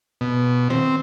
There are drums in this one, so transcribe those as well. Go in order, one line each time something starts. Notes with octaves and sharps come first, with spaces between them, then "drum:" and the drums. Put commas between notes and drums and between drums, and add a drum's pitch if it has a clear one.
B2
C4, drum: tom D#3